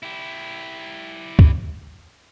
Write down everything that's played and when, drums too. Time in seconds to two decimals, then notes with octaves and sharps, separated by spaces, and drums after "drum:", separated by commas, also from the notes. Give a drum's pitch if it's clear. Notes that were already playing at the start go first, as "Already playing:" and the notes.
0.03 E4 G4
1.39 drum: kick